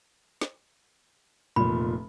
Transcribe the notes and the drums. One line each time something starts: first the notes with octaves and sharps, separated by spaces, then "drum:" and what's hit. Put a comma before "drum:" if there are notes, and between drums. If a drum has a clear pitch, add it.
drum: snare
F1 A#2 B5, drum: tom E3